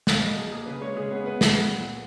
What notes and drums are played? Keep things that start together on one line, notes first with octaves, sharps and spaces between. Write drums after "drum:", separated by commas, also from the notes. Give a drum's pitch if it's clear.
A#3 F5, drum: snare
B2 D#5
A#3 G#4
A#3 G#4
C#3 B4
G#3 C#5
C#3 G#4
B3
B3 B4
B3, drum: snare
B3
A#2